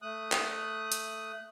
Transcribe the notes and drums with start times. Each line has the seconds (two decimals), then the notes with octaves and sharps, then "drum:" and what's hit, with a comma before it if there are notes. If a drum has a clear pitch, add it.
0.02 A3 D#6 F#6
0.32 drum: clap
0.92 drum: hi-hat